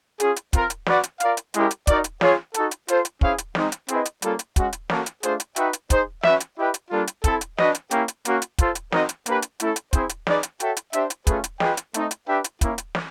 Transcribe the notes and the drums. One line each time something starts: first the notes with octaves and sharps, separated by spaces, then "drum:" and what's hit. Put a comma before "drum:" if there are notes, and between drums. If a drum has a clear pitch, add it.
C#4 F4 G#4, drum: hi-hat
drum: hi-hat
C4 F4 A#4, drum: kick, hi-hat
drum: hi-hat
F#4 B4 D5 F#5, drum: snare
drum: hi-hat
F4 A#4 D5 F5, drum: hi-hat
drum: hi-hat
G#3 C#4 E4 G4 A#4, drum: hi-hat
drum: hi-hat
D#4 F#4 A#4 D5, drum: kick, hi-hat
drum: hi-hat
F4 G#4 C#5, drum: snare
D#4 F#4 A4, drum: hi-hat
drum: hi-hat
F4 A4 C5, drum: hi-hat
drum: hi-hat
C#4 E4 G#4 C5 F5, drum: kick
drum: hi-hat
G#3 C4 D#4, drum: snare
drum: hi-hat
C4 E4 G#4 B4 D#5, drum: hi-hat
drum: hi-hat
G3 A#3 C#4 F4 A4, drum: hi-hat
drum: hi-hat
G#3 C#4 F#4, drum: kick, hi-hat
drum: hi-hat
A#3 C#4 F#4 A4, drum: snare
drum: hi-hat
A3 D4 F4 G#4 C5, drum: hi-hat
drum: hi-hat
D#4 F#4 B4 E5 G5, drum: hi-hat
drum: hi-hat
D#4 G#4 C5, drum: kick, hi-hat
C#4 F#4 B4 E5, drum: snare
drum: hi-hat
E4 G4 B4 D#5 G5
drum: hi-hat
G3 A#3 D4 F4 A4
drum: hi-hat
C4 E4 A4, drum: kick, hi-hat
drum: hi-hat
D4 F#4 B4 D#5, drum: snare
drum: hi-hat
A#3 C#4 E4 G4, drum: hi-hat
drum: hi-hat
A#3 C#4 F#4, drum: hi-hat
drum: hi-hat
F4 A4 C5, drum: kick, hi-hat
drum: hi-hat
C4 D#4 F#4 A#4 D#5, drum: snare
drum: hi-hat
A#3 D4 G4 B4, drum: hi-hat
drum: hi-hat
A3 C#4 E4 A4, drum: hi-hat
drum: hi-hat
C4 E4 G#4 C5, drum: kick, hi-hat
drum: hi-hat
D#4 G#4 B4 D5, drum: snare
drum: hi-hat
F#4 A4 C#5 E5 G5, drum: hi-hat
drum: hi-hat
D4 G4 C5 E5, drum: hi-hat
drum: hi-hat
A3 C#4 F4 G#4 B4, drum: kick, hi-hat
drum: hi-hat
F4 G#4 B4 D#5 G5, drum: snare
drum: hi-hat
A3 C4 D#4, drum: hi-hat
drum: hi-hat
D4 G4 B4 E5 G5
drum: hi-hat
A#3 C#4 E4, drum: kick, hi-hat
drum: hi-hat
drum: snare